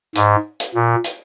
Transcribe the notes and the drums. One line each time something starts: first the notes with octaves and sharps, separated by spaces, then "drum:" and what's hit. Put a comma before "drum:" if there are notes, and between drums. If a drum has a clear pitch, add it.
G#2, drum: hi-hat
drum: hi-hat
A#2
drum: hi-hat